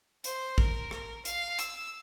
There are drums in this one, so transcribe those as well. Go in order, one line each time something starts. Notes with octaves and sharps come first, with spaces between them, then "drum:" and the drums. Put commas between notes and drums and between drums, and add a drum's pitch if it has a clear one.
C5, drum: hi-hat
A#4, drum: kick A1
A#4, drum: rim click
F5, drum: hi-hat
E6, drum: hi-hat